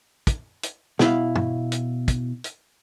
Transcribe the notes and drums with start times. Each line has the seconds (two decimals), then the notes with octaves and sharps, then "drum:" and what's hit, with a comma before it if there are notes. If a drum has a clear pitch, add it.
0.27 drum: kick, hi-hat
0.63 drum: hi-hat
0.99 B2 E4 F5, drum: snare
1.36 drum: tom
1.72 drum: hi-hat
2.08 drum: kick, hi-hat
2.44 drum: hi-hat